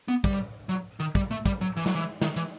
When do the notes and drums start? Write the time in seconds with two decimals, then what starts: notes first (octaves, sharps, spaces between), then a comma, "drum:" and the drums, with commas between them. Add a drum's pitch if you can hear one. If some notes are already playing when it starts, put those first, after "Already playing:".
0.08 B3
0.24 G3, drum: kick
0.69 F#3
1.00 D#3
1.15 G3, drum: kick
1.31 A3
1.46 G3, drum: kick
1.61 F#3
1.77 E3
1.86 F#3, drum: snare
1.95 E3
2.22 D#3, drum: snare
2.36 E3, drum: hi-hat